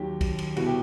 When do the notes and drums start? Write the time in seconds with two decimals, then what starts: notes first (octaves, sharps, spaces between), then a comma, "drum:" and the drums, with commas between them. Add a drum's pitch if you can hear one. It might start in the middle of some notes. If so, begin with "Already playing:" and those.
Already playing: D#2 D#3 F#3 G4
0.21 drum: kick, cymbal
0.39 drum: cymbal
0.56 C2 B2 G3 F#4, drum: cymbal
0.66 G4